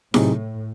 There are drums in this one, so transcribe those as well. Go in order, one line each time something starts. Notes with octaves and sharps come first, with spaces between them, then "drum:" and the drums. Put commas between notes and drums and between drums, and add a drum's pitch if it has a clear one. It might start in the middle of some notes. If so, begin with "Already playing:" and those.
A2 C3 F#3 C4 D#4 G#4, drum: snare E4